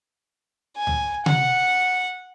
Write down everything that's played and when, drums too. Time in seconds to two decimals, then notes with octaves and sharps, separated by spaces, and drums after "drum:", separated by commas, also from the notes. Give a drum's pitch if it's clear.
0.77 G#5
0.87 drum: tom C#2
1.26 F#5, drum: tom C3